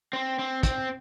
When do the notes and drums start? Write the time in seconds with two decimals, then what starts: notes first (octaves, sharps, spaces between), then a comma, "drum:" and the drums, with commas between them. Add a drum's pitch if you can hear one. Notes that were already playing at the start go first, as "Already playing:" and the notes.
0.13 C4
0.39 C4
0.63 C4, drum: kick, hi-hat